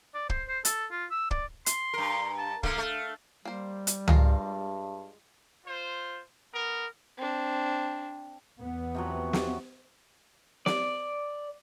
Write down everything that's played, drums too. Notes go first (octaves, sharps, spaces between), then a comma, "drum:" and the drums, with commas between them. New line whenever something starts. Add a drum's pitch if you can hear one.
D5
C5, drum: kick
C5
A4, drum: hi-hat
F4
E6
D5, drum: kick
C6, drum: hi-hat
G2 A#4
A5
D3 A3 A#3 F5, drum: kick
A3
G3 A#3 C5
drum: hi-hat
G2 G#3 F4 A#4, drum: tom C#2
F4 C5
B3 A#4
C4 D4
E2 B3
C3 F3 F#3
drum: snare
D5, drum: snare